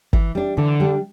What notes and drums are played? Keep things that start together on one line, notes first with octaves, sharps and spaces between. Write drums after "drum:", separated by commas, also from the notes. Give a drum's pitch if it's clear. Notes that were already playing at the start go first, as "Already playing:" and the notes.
E3, drum: kick G1
G3 D4
D3 E3
G3 D4